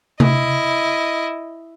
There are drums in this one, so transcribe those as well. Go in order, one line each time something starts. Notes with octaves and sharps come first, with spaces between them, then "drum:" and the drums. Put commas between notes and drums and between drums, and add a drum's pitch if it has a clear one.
E4 D#5, drum: tom C3